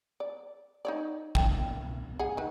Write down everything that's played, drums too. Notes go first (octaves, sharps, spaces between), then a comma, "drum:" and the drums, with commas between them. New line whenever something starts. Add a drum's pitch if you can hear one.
D5
D#4 C#5 D5
D3 E3 G5, drum: kick
G#4 F#5
D#4 B4